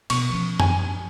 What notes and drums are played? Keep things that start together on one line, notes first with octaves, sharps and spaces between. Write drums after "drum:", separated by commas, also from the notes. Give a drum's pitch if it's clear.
B2 C#6, drum: cymbal
F3 C#4
G#5, drum: tom F#2